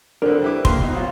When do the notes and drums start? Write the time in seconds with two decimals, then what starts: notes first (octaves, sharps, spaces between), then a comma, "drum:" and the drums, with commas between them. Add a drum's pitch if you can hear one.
0.22 F2 D3 D4 A4 A#4 C5
0.42 G3 E4 B4 C5 G5 D6
0.65 A#3 A#5 C6, drum: kick
0.81 B2 B3 D#4
0.94 C2 F#3 F4 F#4 F5